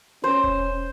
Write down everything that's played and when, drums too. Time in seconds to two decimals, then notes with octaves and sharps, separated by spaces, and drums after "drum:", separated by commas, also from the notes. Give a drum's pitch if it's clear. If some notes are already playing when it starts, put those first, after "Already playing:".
0.24 C#4 C5
0.44 drum: kick E1